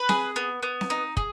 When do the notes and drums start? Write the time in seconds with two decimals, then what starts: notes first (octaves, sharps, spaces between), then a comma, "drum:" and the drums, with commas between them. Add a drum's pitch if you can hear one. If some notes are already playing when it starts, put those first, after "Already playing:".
Already playing: B4
0.09 G#4, drum: snare C4
0.36 B3
0.63 B3
0.81 drum: snare C4
0.90 D#4
1.17 G#4, drum: kick